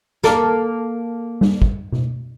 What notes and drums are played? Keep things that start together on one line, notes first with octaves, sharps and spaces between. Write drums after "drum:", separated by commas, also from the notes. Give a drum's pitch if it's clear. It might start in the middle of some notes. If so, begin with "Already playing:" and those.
A#3 A4 A#4, drum: snare
drum: tom G3
drum: kick
drum: tom B2